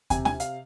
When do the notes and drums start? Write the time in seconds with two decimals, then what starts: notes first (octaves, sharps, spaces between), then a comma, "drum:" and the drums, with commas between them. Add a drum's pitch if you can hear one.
0.10 C3 G#5, drum: kick D#2, hi-hat
0.25 G#5, drum: snare
0.32 C3
0.40 F5, drum: hi-hat